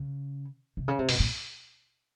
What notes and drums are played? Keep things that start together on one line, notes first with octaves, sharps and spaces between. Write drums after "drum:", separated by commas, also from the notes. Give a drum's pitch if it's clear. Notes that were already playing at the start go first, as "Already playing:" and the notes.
Already playing: C#3
C3
C#3
C3
B2, drum: open hi-hat
A#2